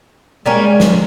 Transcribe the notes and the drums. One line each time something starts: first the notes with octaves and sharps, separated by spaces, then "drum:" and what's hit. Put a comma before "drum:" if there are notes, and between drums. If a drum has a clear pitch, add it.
G3 G#3 A#3 C#4
drum: snare